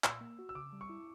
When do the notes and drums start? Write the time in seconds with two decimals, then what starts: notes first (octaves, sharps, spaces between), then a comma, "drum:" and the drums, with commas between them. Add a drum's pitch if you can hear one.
0.04 A#2 E6, drum: clap
0.21 A#3
0.39 F#4
0.49 E6
0.55 C#3 D6
0.73 G3
0.81 C#6
0.89 E4